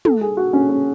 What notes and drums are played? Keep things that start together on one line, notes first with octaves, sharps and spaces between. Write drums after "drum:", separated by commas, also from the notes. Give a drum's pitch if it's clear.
A4, drum: tom
G#4
F#4
C#4
C#4